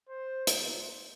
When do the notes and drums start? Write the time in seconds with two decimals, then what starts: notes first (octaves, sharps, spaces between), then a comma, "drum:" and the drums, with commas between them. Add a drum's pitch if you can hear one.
0.09 C5
0.47 drum: hi-hat